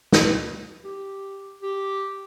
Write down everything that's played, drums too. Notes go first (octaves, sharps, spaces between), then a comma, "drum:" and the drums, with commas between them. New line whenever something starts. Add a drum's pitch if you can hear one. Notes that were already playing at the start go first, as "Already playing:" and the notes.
drum: snare
G4
G4